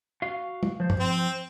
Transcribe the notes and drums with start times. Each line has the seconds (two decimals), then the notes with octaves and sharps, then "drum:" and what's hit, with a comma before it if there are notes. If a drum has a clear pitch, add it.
0.22 F#4 F5
0.63 drum: tom
0.80 F3 C5
0.90 drum: tom
1.00 C4